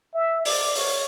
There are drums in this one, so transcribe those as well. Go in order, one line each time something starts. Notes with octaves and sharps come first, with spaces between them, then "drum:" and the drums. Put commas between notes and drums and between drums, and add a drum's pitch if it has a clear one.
E5
D5, drum: open hi-hat
C#5, drum: open hi-hat